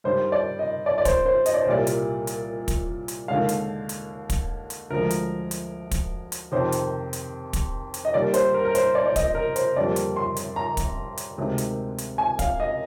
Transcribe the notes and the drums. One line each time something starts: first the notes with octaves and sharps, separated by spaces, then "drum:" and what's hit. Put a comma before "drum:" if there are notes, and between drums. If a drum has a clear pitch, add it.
G2 D#3 G3 C5
D5
D#5
D5
D5
C5, drum: kick, hi-hat
C5
D#5, drum: hi-hat
D5
C5
C2 A#2 G3 A#3 D5
drum: hi-hat
drum: hi-hat
drum: kick, hi-hat
drum: hi-hat
D#2 D3 G#3 F5
drum: hi-hat
drum: hi-hat
drum: kick, hi-hat
drum: hi-hat
D2 D3 F3 G#3 A#4
drum: hi-hat
drum: hi-hat
drum: kick, hi-hat
drum: hi-hat
F2 C3 D#3 C5
drum: hi-hat
drum: hi-hat
drum: kick, hi-hat
drum: hi-hat
D#5
D#2 D#3 G3 A#3 D5
C5, drum: hi-hat
A#4
A#4
C5, drum: hi-hat
D5
D5
D#5, drum: kick, hi-hat
A#4
C5, drum: hi-hat
F2 D3 G3 A#3 D5
drum: hi-hat
C6
drum: hi-hat
A#5
drum: kick, hi-hat
drum: hi-hat
D2 C3 D#3 G#3
drum: hi-hat
drum: hi-hat
G#5
F5, drum: kick, hi-hat
D#5